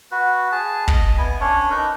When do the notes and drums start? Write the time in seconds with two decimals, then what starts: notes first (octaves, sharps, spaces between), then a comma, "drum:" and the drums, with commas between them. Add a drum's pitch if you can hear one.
0.11 F#4 B4
0.52 G#4 A5
0.88 D#5, drum: kick
1.17 B3 E4 G#5
1.41 C#4 D4 C#5
1.70 D#4 A#4 B4